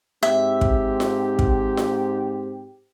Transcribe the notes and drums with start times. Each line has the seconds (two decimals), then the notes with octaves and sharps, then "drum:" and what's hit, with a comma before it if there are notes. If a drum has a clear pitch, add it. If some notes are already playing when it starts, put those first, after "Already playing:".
0.23 G#2 C4 G4 E5
0.61 drum: kick
1.00 drum: snare F4
1.39 drum: kick
1.77 drum: snare F4